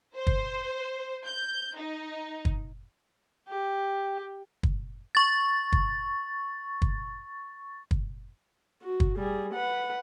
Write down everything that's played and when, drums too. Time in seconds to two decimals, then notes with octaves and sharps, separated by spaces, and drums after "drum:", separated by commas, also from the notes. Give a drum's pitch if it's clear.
0.16 C5
0.27 drum: kick
1.27 G6
1.77 D#4
2.45 drum: kick
3.48 G4
4.63 drum: kick
5.15 C#6 A6
5.72 drum: kick
6.82 drum: kick
7.91 drum: kick
8.82 F#4
9.00 drum: kick
9.17 G3 G#4
9.54 B4 F#5